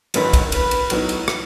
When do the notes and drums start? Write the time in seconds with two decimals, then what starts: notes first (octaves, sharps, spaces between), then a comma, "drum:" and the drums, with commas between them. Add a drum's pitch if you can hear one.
0.14 A1 G#2 D#3 F#3 B4, drum: cymbal
0.33 drum: kick, cymbal
0.52 B4, drum: cymbal
0.71 drum: cymbal
0.90 A2 F#3 B3 D#4, drum: cymbal
1.09 drum: cymbal
1.28 drum: rim click